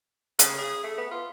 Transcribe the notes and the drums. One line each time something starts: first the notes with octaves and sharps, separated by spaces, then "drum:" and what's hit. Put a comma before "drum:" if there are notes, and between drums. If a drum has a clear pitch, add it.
C#3, drum: hi-hat
G#4
A3
B3
F4